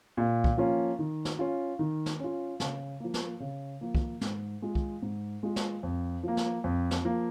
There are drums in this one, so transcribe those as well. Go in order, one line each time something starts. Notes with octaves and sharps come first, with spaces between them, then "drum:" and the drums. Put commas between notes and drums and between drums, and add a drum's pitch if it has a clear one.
A#2
drum: kick
F3 A#3 C#4 F4
D#3
drum: snare
C#4 F4
D#3
drum: snare
C#4 F4
C#3, drum: snare
F3 A#3
drum: snare
C#3
F3 A#3
drum: kick
G#2, drum: snare
G#3 F4
drum: kick
G#2
G#3 F4
drum: snare
F2
F3 A#3
drum: snare
F2
drum: snare
F3 A#3